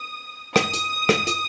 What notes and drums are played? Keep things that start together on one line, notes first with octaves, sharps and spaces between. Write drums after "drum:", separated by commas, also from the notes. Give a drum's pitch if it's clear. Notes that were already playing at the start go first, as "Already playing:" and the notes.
Already playing: D#6
D#6, drum: rim click
drum: hi-hat
drum: rim click
drum: hi-hat